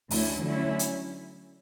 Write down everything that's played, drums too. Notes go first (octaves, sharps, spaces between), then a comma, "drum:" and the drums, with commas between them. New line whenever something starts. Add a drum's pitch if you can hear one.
D2 D3 A3 C#4 E4, drum: open hi-hat
D3 F#3 A3 C#4 E4
drum: hi-hat